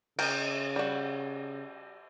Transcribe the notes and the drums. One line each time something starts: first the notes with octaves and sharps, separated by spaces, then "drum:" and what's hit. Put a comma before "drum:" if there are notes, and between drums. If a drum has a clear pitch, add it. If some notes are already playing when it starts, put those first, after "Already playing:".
C#3 A#4 G5, drum: cymbal
G3 F#4